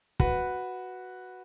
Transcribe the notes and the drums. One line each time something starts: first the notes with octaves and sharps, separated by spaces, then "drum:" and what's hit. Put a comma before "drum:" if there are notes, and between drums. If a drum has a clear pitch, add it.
F#4 B4, drum: kick